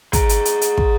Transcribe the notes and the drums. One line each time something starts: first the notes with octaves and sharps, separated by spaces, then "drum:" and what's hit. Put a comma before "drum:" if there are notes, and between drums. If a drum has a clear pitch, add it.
G#4 A#5, drum: kick, hi-hat
drum: hi-hat
drum: hi-hat
drum: hi-hat
drum: kick